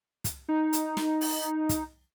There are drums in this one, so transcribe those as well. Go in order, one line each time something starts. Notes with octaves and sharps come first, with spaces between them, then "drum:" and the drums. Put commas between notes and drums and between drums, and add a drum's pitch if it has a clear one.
drum: kick, hi-hat
D#4
drum: hi-hat
drum: snare
drum: open hi-hat
drum: kick, hi-hat